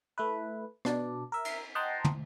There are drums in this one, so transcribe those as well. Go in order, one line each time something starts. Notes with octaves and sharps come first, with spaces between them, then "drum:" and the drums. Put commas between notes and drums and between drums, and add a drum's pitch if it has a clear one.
A3 E4 B4
B2 D4 D5, drum: rim click
A#4 E5
drum: cymbal
D#5 F#5 G5 A5 A#5 C6
drum: tom